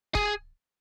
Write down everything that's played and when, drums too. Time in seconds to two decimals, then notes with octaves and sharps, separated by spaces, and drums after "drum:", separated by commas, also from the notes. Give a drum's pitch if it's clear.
0.15 G#4, drum: kick